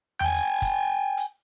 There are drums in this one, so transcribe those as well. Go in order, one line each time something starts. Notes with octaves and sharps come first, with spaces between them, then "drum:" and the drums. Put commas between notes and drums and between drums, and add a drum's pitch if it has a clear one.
G5 G#5, drum: tom E2
drum: hi-hat
drum: kick, hi-hat
drum: hi-hat